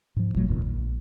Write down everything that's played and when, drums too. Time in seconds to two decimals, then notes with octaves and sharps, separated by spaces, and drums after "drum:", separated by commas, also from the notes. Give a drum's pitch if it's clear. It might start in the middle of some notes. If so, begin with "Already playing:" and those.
0.16 G#2 F3
0.35 E1 A#2 F#3 A3, drum: kick G1
0.48 E1 C#2 A#2 D#3
0.65 A#1